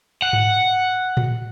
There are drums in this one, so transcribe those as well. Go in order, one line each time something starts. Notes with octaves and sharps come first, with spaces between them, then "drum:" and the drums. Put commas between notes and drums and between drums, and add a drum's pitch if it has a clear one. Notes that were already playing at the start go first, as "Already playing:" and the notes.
F#5
drum: tom G#2
drum: tom A2